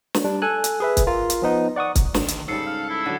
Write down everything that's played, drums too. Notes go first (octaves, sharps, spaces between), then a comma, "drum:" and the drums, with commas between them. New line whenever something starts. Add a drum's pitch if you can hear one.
drum: snare
G3 D4
A4 G#5 F#6
drum: hi-hat
G#4 B4 E5
drum: kick, hi-hat
F4 A#4
drum: hi-hat
F3 B3 D#4
D5 F#5 C#6 D#6
drum: kick, hi-hat
D3 D#3, drum: snare
drum: hi-hat
G#2 C#3 G3 A4 E6 C7 C#7
F5
E4
D3 F#3